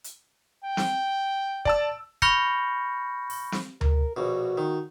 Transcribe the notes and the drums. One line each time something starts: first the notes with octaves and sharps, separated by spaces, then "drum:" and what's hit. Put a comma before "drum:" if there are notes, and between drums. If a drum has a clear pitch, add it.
drum: hi-hat
G5
drum: snare
D5 A5 E6, drum: kick
B5 C#6 F6 G6 A#6 C#7, drum: kick
drum: open hi-hat
drum: snare
A#4, drum: tom D2
A#1 B2 F#4
D#3